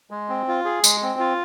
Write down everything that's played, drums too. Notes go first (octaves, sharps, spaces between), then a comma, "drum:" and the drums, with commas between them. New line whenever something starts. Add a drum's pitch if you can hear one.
G#3
C4
F4
G#4
G#3, drum: tambourine
C4
F4